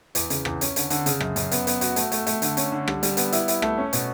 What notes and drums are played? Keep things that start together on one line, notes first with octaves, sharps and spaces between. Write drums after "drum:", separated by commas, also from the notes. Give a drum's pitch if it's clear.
E2, drum: hi-hat
C#3, drum: hi-hat
E2, drum: rim click
C#4, drum: hi-hat
D3, drum: hi-hat
D3, drum: hi-hat
C#3, drum: hi-hat
F#2, drum: rim click
F#2, drum: hi-hat
B3, drum: hi-hat
B3, drum: hi-hat
F#4, drum: hi-hat
A3, drum: hi-hat
A3, drum: hi-hat
A3, drum: hi-hat
D3, drum: hi-hat
C#4, drum: hi-hat
D3
G3, drum: rim click
G3, drum: hi-hat
B3, drum: hi-hat
E4, drum: hi-hat
E4, drum: hi-hat
A3, drum: rim click
C#4
B2, drum: hi-hat